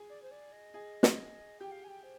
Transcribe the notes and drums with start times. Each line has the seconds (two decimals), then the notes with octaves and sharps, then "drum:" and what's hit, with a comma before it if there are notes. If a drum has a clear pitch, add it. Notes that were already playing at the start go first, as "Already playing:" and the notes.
Already playing: G#4
0.10 D5
0.22 C5
0.31 D5
0.52 D#5
0.74 G#4
1.03 drum: snare
1.60 G4 G5
1.72 F5
1.84 G#5
1.88 G5
2.03 C5